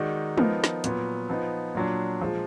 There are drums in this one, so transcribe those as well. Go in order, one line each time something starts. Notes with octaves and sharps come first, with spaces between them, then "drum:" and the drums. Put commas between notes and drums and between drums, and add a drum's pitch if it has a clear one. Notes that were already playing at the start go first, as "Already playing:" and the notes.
Already playing: D#3 G#3 D#4 F#4 D5
F3 B3 D#4 A#4, drum: tom G#3
drum: snare
A#2 F#3 B3, drum: hi-hat
F3 B3 D#4
A#2 F#3 D4
A#2 F3 G#3